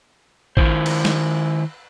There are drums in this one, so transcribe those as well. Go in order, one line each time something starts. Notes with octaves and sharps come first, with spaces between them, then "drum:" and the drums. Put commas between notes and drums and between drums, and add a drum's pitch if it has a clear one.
D#3 E4 C5, drum: kick A1
drum: cymbal
drum: snare